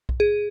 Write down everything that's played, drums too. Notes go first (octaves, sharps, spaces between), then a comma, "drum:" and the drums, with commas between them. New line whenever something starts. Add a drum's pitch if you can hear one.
drum: kick B1
G#4